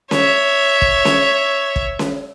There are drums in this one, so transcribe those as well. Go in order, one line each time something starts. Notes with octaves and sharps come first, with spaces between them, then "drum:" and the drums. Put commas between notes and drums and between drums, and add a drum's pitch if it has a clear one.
C#5 E5, drum: snare C#4
drum: kick
drum: snare C#4
drum: kick
drum: snare C#4